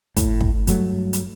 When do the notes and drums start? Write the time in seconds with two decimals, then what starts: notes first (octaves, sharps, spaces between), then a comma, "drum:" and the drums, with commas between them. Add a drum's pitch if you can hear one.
0.17 A2, drum: kick, hi-hat
0.41 drum: kick
0.67 G2 F#3 A3, drum: hi-hat
1.13 drum: hi-hat